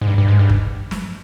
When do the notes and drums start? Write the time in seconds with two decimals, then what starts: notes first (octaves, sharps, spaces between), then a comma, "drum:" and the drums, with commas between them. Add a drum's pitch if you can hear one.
0.01 G#2
0.07 G2
0.18 G2
0.28 G#2
0.39 G2
0.49 drum: kick G1
0.91 drum: snare